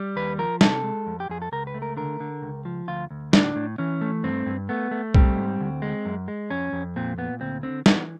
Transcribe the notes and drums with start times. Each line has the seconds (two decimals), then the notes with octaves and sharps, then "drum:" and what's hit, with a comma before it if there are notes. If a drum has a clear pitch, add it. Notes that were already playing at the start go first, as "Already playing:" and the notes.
Already playing: G3
0.16 D#2 B4
0.38 F3 A#4
0.61 C3 A4, drum: snare
0.84 G#3
1.07 F2
1.20 G4
1.29 F2 G#4
1.42 A4
1.52 C#2 A#4
1.67 B4
1.74 A3
1.82 A#4
1.97 D3 A#4
2.20 D3
2.42 C#2
2.65 F3
2.88 D2 F4
3.11 D2
3.33 A2 D4, drum: snare
3.56 A2
3.78 E3 C#4
4.01 A3
4.23 G2 C4
4.46 G2
4.69 A3 B3
4.91 A3
5.14 G3 C4, drum: kick B1
5.37 G#2
5.60 D2
5.82 G#3
6.05 F#2
6.28 G#3
6.51 F2 C#4
6.73 F2
6.96 A#2 C4
7.18 A#2 B3
7.41 D2 C4
7.63 D3 C4
7.86 E3 B3, drum: snare